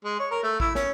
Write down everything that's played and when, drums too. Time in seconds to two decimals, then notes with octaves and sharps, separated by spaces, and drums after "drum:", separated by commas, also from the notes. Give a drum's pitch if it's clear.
0.04 G#3
0.19 C#5
0.31 A#4
0.43 A3
0.60 E4, drum: kick
0.75 C#4, drum: snare